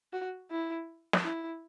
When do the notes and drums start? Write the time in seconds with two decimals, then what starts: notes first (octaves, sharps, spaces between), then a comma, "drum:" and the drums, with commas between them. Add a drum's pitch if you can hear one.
0.13 F#4
0.50 E4
1.13 drum: snare
1.24 E4